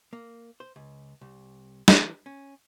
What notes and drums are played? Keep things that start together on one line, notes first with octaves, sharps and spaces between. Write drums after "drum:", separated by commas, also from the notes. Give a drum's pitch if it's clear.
A#3
C5
C#2
C2
E3, drum: snare
C#4